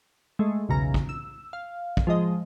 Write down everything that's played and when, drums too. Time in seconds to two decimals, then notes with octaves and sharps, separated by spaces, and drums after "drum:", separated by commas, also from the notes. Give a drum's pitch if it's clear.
0.39 G#3 A3
0.69 B1 E2 C#3 A#5
0.94 drum: kick
1.09 E6
1.53 F5
1.97 drum: kick
2.07 F3 G#3 D#5